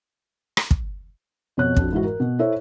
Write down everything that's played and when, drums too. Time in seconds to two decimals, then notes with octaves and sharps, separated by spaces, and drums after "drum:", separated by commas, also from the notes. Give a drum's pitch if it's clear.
0.57 drum: rim click
0.71 drum: kick
1.57 F2 B2 C#5 F#6
1.76 F2 D4 F#4, drum: kick
1.92 G#2 E3 F#4
2.04 A#4
2.20 B2
2.39 E4 A4 C5 C#5 E5